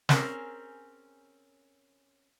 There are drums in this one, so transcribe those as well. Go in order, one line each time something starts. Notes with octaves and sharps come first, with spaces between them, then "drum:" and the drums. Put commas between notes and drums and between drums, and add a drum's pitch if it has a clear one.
C4 C#4 G#4 A#4, drum: snare